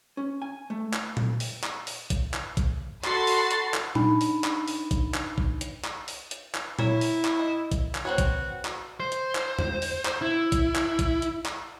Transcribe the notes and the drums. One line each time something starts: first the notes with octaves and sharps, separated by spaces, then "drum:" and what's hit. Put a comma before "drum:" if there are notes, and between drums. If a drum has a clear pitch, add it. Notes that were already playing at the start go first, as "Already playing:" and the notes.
C#4
G#5
A3
drum: clap
drum: tom A#2
drum: open hi-hat
drum: clap
drum: open hi-hat
drum: kick, hi-hat
drum: clap
drum: kick, hi-hat
F#4 A4 B5 C6 A6 C7, drum: clap
drum: open hi-hat
drum: hi-hat
drum: clap
D4 D#4 B5, drum: tom A#2
drum: open hi-hat
drum: clap
drum: open hi-hat
drum: kick, hi-hat
drum: clap
drum: kick
drum: hi-hat
drum: clap
drum: open hi-hat
drum: hi-hat
drum: clap
E4 A#4 C#5, drum: tom A#2
drum: open hi-hat
drum: clap
D#5
drum: kick, hi-hat
drum: clap
C4 F#4 B4 C#5
drum: kick, hi-hat
drum: clap
C5
drum: hi-hat
drum: clap
drum: tom E2
drum: open hi-hat
drum: clap
E4
drum: kick, hi-hat
drum: clap
drum: kick, hi-hat
drum: hi-hat
drum: clap